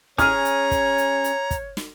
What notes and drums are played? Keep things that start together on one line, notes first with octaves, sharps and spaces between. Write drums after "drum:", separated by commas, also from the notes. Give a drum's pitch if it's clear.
C#4 G#4 C#5 A#5 F6, drum: kick, hi-hat
drum: hi-hat
drum: kick, hi-hat
drum: hi-hat
drum: hi-hat
drum: kick, hi-hat
drum: snare